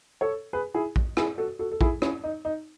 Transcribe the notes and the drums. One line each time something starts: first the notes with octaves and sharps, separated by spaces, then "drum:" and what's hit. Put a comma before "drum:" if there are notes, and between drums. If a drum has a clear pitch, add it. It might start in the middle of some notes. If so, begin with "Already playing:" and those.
A4 C#5
G#4 B4
E4 G#4
drum: kick A#1
E4 G#4, drum: rim click
F#4 A4
F#4 A4
A4
E4 G#4, drum: kick A#1
C#4 E4, drum: rim click
D#4
D#4